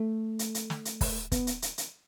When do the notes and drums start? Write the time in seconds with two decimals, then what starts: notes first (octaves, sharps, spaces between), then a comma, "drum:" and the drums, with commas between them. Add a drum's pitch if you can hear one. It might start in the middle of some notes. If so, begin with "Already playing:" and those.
Already playing: A3
0.39 drum: hi-hat
0.55 drum: hi-hat
0.70 drum: snare
0.85 drum: hi-hat
1.01 drum: kick, open hi-hat
1.32 B3, drum: kick, hi-hat
1.47 drum: hi-hat
1.62 drum: hi-hat
1.78 drum: hi-hat